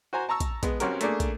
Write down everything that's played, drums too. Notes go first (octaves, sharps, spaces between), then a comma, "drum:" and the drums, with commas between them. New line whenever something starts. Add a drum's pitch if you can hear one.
F#4 C5 G#5 A#5
A5 A#5 C#6 E6
drum: kick, hi-hat
G#3 B3, drum: kick, hi-hat
B1 C4 C#4 F#4 G4 A#4, drum: hi-hat
A3 A#3 D4 G#4, drum: hi-hat
drum: kick, hi-hat